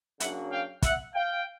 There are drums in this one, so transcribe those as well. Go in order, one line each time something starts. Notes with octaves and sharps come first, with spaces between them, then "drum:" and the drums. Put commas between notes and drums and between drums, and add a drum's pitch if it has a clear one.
F#2 C#3 F#3 A#3 D4 E5 F#5, drum: hi-hat
F5 G5
E5 F#5, drum: kick, hi-hat
F5 G5